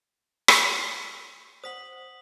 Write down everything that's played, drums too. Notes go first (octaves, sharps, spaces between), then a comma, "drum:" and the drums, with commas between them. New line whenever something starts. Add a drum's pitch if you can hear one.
drum: rim click
C5 F#5 D#6 B6 F#7